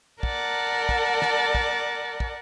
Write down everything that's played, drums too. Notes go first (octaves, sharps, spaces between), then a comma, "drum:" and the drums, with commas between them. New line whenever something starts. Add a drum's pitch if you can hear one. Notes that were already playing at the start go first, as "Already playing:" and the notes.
A#4 D5 F#5 A5, drum: kick
drum: kick
drum: snare
drum: kick
drum: kick